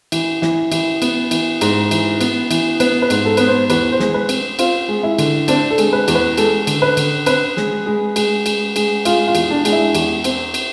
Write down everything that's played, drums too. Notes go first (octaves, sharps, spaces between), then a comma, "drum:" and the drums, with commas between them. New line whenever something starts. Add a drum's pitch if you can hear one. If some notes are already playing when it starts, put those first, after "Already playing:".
E3, drum: cymbal
E3, drum: snare
E3, drum: cymbal
B3, drum: cymbal
E3, drum: cymbal
G#2, drum: cymbal
E3, drum: cymbal
B3, drum: cymbal
E3, drum: cymbal
B3 B4, drum: cymbal
B4
G#2, drum: cymbal
A4
B3 B4, drum: cymbal
C5
E2 B4, drum: cymbal
C5
G#3, drum: snare
B4
C4, drum: cymbal
C4 F4, drum: cymbal
G#3
E4
D3, drum: cymbal
C4 D4, drum: cymbal
A4
G#3, drum: cymbal
B4
E2, drum: cymbal
B4
G#3 A4, drum: cymbal
D3, drum: cymbal
B4
D3, drum: cymbal
C4 B4, drum: cymbal
G#3, drum: snare
G#3
G#3, drum: cymbal
G#3, drum: cymbal
G#3, drum: cymbal
G#3 F4, drum: cymbal
F4
E2, drum: cymbal
D4
G#3, drum: cymbal
E4
E2, drum: cymbal
C4, drum: cymbal
drum: cymbal